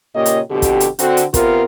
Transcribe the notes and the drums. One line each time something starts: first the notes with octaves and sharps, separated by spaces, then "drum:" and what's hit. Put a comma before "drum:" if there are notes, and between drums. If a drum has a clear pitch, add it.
A#2 C#3 A#3 G4 C#5 D#5
drum: hi-hat
F2 B2 D3 G4
drum: kick, hi-hat
drum: hi-hat
D3 C4 F#4, drum: hi-hat
drum: hi-hat
C3 B3 F4 A#4, drum: kick, hi-hat